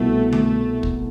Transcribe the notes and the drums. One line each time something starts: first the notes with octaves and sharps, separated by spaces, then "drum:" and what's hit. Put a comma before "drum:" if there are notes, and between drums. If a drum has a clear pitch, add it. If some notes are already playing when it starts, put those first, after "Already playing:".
Already playing: C2 B2 A3 B3 E4 A4
A3, drum: tom D3
drum: kick